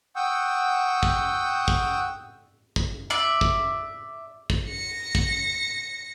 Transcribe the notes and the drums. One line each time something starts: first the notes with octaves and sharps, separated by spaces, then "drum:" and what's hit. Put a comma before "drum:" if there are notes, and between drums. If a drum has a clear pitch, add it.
F#5 G5 C#6 D#6 E6 G6
drum: kick
drum: kick
drum: kick
D5 E5
drum: kick
drum: kick
A#6 C#7
drum: kick